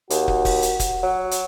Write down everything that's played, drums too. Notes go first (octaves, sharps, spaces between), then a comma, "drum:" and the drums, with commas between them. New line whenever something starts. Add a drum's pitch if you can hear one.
D#2 F#4, drum: hi-hat
drum: kick
drum: kick, open hi-hat
drum: hi-hat
drum: kick, hi-hat
F#3
drum: hi-hat